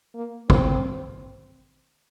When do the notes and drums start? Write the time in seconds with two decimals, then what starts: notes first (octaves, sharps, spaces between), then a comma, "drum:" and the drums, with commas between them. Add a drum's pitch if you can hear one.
0.15 A#3
0.50 C4, drum: kick